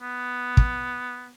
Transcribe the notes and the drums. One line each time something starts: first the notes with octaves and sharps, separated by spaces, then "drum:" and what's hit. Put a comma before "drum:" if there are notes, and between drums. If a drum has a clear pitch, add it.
B3
drum: kick